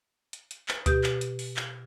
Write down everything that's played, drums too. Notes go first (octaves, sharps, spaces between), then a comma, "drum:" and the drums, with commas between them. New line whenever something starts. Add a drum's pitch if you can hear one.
drum: hi-hat
drum: hi-hat
drum: clap
B2 G4 G6, drum: kick D2, hi-hat
drum: clap
drum: hi-hat
drum: open hi-hat
drum: clap